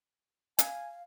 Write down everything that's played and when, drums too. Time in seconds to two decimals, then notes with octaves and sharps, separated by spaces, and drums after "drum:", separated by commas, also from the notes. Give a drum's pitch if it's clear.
0.59 F5 G#5, drum: hi-hat